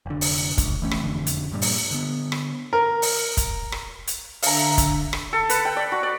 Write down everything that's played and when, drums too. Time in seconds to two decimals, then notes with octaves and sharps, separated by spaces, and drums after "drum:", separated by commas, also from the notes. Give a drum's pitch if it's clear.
0.06 F1 D3
0.21 drum: open hi-hat
0.58 C#2, drum: kick, hi-hat
0.82 E3 A3 C#4
0.91 drum: rim click
1.01 E1 F2 D3
1.27 drum: hi-hat
1.51 G2 A#2 G3
1.62 drum: open hi-hat
1.91 D3 B3
2.32 drum: rim click
2.73 A#4
3.02 drum: open hi-hat
3.37 drum: kick, hi-hat
3.72 drum: rim click
4.07 drum: hi-hat
4.43 D3 E5 F5 A#5, drum: open hi-hat
4.78 drum: kick, hi-hat
5.13 drum: rim click
5.33 A4
5.49 B4, drum: hi-hat
5.65 G5
5.77 D5
5.92 F#4
6.03 D5